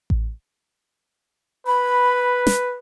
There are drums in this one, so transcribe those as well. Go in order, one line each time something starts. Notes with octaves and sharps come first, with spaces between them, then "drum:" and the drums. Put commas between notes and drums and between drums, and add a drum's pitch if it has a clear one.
drum: kick A1
B4 B5
drum: snare